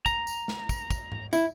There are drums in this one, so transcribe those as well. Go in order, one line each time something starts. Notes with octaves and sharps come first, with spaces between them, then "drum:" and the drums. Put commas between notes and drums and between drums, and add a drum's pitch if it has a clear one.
A#5, drum: kick, tambourine
drum: tambourine
drum: snare
drum: kick, tambourine
drum: kick, tambourine
drum: tom G#2
E4, drum: tambourine